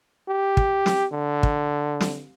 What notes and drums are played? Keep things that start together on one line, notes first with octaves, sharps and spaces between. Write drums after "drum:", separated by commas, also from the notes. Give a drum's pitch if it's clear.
G4
drum: kick
drum: snare
D3
drum: kick
drum: snare